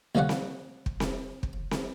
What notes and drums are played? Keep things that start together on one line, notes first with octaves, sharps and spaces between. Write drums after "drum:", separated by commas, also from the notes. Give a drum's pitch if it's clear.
D2 F3 G3 C#4 D5 F#5
drum: snare C4
drum: kick
drum: snare C4
drum: kick
drum: snare C4